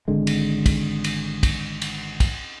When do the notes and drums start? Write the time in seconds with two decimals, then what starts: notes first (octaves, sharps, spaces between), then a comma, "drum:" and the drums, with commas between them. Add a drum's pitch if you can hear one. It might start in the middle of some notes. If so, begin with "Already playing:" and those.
0.08 G#1 D3 G#3
0.27 drum: cymbal
0.66 drum: kick, cymbal
1.04 drum: cymbal
1.43 drum: kick, cymbal
1.82 drum: cymbal
2.20 drum: kick, cymbal